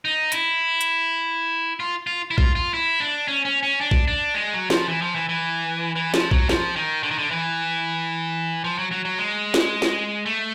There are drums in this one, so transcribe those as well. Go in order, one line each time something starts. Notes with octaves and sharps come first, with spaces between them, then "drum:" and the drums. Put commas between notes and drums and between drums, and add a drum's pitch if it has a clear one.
D#4
E4, drum: hi-hat
drum: hi-hat
F4
F4
E4
F4, drum: kick A#1
F4
E4
D4
C#4
C#4
C#4
D4
drum: kick A#1
D4
G#3
F#3
F3, drum: snare
E3
F3
E3
E3
E3
F3, drum: snare
F#3, drum: kick A#1
F3, drum: snare
D#3
D3
D#3
D3
E3
F3
F#3
F#3
F#3
G#3
drum: snare
drum: snare
A3